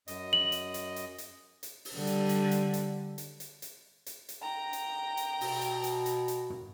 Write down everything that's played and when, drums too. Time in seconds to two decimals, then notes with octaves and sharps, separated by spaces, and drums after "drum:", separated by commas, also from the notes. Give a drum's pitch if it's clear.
0.08 F#2 D#5, drum: hi-hat
0.33 F#7
0.52 drum: hi-hat
0.74 drum: hi-hat
0.96 drum: hi-hat
1.18 drum: hi-hat
1.63 drum: hi-hat
1.85 drum: open hi-hat
1.95 D3 G3
2.07 drum: hi-hat
2.29 drum: hi-hat
2.51 drum: hi-hat
2.73 drum: hi-hat
3.18 drum: hi-hat
3.40 drum: hi-hat
3.62 drum: hi-hat
4.06 drum: hi-hat
4.29 drum: hi-hat
4.43 G5 A#5
4.73 drum: hi-hat
5.17 drum: hi-hat
5.41 B2, drum: open hi-hat
5.62 drum: hi-hat
5.84 drum: hi-hat
6.06 drum: hi-hat
6.28 drum: hi-hat
6.50 drum: tom